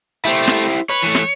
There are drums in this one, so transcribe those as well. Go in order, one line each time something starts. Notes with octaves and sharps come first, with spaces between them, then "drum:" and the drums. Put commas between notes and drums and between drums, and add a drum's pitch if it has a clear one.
A3 E4 G4 C5
drum: snare
drum: hi-hat
B4 C#5, drum: hi-hat
E3 A3
drum: snare